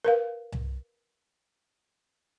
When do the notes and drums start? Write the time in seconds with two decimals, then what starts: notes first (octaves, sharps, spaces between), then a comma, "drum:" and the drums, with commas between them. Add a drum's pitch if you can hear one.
0.04 A#4 B4 F5
0.52 drum: tom C2